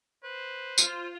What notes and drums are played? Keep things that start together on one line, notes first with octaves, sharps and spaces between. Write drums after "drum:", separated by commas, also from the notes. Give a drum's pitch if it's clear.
B4 C5
F4, drum: tambourine